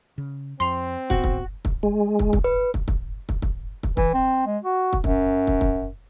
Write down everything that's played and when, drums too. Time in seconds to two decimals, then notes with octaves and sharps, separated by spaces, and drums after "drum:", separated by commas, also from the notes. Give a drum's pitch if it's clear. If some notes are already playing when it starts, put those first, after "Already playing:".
0.18 C#3
0.60 F2 C4 C6 C7 F7
1.10 D2 G#2 B3 F#4, drum: kick
1.24 drum: kick
1.65 drum: kick
1.83 G#3
2.19 drum: kick
2.33 drum: kick
2.44 B4
2.74 drum: kick
2.88 drum: kick
3.29 drum: kick
3.42 drum: kick
3.83 drum: kick
3.97 E3, drum: kick
4.14 C4
4.47 G#3
4.63 F#4
4.93 drum: kick
5.04 F#2, drum: kick
5.47 drum: kick
5.61 drum: kick